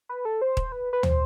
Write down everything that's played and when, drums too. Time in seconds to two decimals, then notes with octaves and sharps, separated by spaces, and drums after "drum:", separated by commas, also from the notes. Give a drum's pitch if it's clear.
0.09 B4
0.25 A4
0.42 C5
0.57 drum: kick D#1
0.72 B4
0.93 B4
1.03 C5, drum: tom